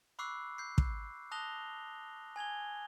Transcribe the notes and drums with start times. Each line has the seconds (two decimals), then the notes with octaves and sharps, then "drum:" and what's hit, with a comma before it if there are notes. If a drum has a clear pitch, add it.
0.19 B5 C#6 D6 E6 F#6 C7
0.58 G6 C7
0.78 drum: kick
1.31 A5 D#6 F#6 A#6 F7 G7
2.36 G#5 G#6 F7 G7